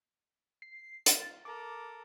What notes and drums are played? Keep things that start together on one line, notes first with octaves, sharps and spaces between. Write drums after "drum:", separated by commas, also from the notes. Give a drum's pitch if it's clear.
C7
F4 A6, drum: hi-hat
A4 A#4 D6